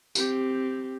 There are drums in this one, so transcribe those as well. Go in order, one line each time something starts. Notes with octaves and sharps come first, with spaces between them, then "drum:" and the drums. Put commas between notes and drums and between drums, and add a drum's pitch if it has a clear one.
C4 G4, drum: tambourine